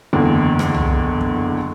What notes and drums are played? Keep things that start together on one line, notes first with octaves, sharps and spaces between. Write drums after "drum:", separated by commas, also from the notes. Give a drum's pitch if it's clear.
F#1 E2 D3 E3
drum: rim click
drum: tom C2
drum: kick